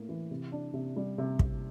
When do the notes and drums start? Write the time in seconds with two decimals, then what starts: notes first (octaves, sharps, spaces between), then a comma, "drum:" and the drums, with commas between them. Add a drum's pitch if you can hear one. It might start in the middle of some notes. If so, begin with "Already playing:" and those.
Already playing: A2 A#3
0.09 E3
0.31 C3
0.52 D4
0.74 C3
0.96 G3
1.18 C3
1.39 C3, drum: kick